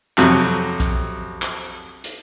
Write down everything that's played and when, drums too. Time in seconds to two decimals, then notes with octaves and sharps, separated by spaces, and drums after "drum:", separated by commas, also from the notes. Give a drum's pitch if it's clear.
0.18 F2 C3 F#3, drum: clap
0.80 drum: kick A#1, hi-hat
1.42 drum: clap
2.04 drum: hi-hat